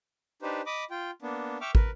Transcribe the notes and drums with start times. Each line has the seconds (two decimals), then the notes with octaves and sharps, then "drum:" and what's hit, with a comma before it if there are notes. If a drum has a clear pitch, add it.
0.42 D4 D#4 G4 B4 C5
0.66 D#5 B5 D6 D#6
0.91 F4 G5
1.22 A#3 B3 D4
1.61 E5 G5 C#6 D6 E6 F6
1.75 A#4 B4, drum: kick